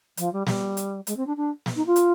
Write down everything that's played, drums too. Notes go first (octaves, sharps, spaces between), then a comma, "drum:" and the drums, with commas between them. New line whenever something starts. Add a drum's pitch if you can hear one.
F3, drum: hi-hat
G3
G3, drum: snare
drum: hi-hat
G#3, drum: hi-hat
C4
D4
D4
drum: snare
D#4
F4
drum: hi-hat